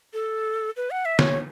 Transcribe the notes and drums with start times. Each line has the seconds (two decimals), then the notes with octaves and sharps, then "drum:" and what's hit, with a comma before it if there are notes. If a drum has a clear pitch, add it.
0.14 A4
0.77 B4
0.91 F#5
1.05 E5
1.19 C#5, drum: snare